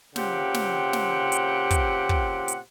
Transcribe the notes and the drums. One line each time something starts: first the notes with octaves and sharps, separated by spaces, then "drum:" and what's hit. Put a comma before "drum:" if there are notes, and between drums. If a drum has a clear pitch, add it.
A#2 C#3 C4 G4 F#5 G5, drum: snare
drum: snare
drum: snare
drum: hi-hat
drum: kick, hi-hat
drum: kick
drum: hi-hat